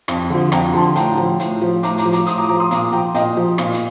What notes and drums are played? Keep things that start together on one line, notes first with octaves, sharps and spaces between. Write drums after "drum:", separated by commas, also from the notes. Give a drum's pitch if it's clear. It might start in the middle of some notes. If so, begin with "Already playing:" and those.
F2, drum: rim click
D3 F3
F2 G5 A#5, drum: rim click
D3 F3 A5 C6
A2 G5 A#5, drum: hi-hat
F3
A2, drum: hi-hat
F3
A2 A#5 D6, drum: hi-hat
A#5 D6, drum: hi-hat
F3
A#5 D6, drum: hi-hat
A2 C6 D#6, drum: hi-hat
A#5 D6
F3 A#5 D6
C6 D#6
A#2 A#5 D6, drum: hi-hat
F3 G5 A#5
A#2 D#5 G5, drum: hi-hat
F3
A#2, drum: rim click
drum: hi-hat